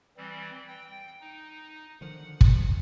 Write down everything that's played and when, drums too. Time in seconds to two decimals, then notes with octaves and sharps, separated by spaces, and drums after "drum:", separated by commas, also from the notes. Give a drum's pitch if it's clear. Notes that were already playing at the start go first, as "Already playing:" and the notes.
0.17 E3 G3 C4
0.68 G5
1.21 D#4
2.01 D3 D#3 F3 F#5
2.41 drum: kick